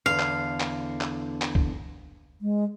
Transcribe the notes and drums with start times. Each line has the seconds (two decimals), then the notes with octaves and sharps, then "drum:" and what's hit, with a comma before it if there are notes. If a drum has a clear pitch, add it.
0.06 E2 D3 F5
0.19 drum: clap
0.60 drum: clap
1.01 drum: clap
1.42 drum: clap
1.55 drum: kick C2
2.41 G#3